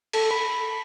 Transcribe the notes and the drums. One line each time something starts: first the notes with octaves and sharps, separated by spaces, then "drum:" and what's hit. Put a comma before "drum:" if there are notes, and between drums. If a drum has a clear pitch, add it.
A4, drum: cymbal
B5